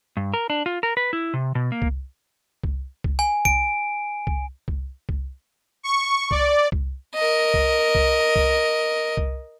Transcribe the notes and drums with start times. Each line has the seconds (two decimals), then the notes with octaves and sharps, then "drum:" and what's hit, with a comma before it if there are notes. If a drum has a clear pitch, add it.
0.17 G2
0.34 A#4
0.50 D4
0.66 F4
0.83 A#4
0.97 B4
1.13 E4
1.34 C3
1.55 B2
1.72 A#3
1.82 drum: kick C2
2.64 drum: kick C2
3.04 drum: kick C2
3.19 G#5
3.45 D7, drum: kick C2
4.27 drum: kick C2
4.68 drum: kick C2
5.09 drum: kick C2
5.83 C#6
6.31 D5, drum: kick C2
6.72 drum: kick C2
7.14 A#4 D#5
7.54 drum: kick C2
7.95 drum: kick C2
8.36 drum: kick C2
9.17 drum: kick C2